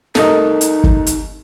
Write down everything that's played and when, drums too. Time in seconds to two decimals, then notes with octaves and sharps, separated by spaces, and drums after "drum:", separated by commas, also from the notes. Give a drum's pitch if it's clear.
0.15 C2 A3 A#3 D#4 A4 D#5, drum: snare
0.61 drum: hi-hat
0.84 drum: kick
1.07 drum: hi-hat